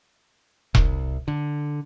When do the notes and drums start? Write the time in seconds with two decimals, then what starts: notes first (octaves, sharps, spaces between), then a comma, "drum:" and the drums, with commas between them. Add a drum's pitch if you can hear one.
0.75 C2, drum: kick E1
1.28 D3